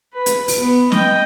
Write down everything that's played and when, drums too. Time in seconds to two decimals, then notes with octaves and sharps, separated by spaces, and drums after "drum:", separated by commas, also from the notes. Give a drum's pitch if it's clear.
0.14 B4
0.26 drum: hi-hat
0.48 drum: open hi-hat
0.59 B3
0.92 D#5 G5, drum: snare